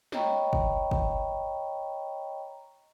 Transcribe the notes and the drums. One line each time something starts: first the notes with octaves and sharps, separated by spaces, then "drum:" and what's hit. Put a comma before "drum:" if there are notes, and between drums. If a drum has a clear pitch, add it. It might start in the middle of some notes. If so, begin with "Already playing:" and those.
C#5 D#5 G5 A#5 B5 C#6, drum: snare
drum: kick
drum: kick